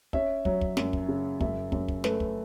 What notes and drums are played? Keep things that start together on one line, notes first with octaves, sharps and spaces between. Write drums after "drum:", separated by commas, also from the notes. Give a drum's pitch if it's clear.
C#4 E5, drum: kick
F#3, drum: kick
drum: kick
F#2, drum: snare
drum: kick
C#3
F#2 E5, drum: kick
F#2, drum: kick
drum: kick
A3 B4, drum: snare
drum: kick